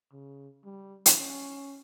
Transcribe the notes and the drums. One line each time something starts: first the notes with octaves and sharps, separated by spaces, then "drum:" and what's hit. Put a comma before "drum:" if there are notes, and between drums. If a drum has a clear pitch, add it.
C#3
G3
drum: hi-hat
C#4